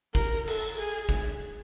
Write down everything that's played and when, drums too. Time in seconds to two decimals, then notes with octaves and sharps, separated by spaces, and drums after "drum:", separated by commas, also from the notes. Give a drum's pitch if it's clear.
0.15 A#4, drum: kick
0.48 A4, drum: cymbal
0.79 G#4
1.09 drum: kick